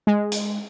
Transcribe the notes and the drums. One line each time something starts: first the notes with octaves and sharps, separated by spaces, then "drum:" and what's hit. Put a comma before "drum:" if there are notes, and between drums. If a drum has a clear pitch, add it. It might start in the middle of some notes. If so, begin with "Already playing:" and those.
G#3
drum: hi-hat